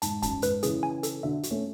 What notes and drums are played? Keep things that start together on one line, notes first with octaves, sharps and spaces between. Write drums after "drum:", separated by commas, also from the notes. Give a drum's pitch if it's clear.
G#2 A5, drum: hi-hat
F#2 A5, drum: kick, hi-hat
G#2 B4, drum: hi-hat
C#3 E3 G#4, drum: hi-hat
G#5
A4, drum: hi-hat
D3 F#3 E5
F#4, drum: hi-hat
A3 C#4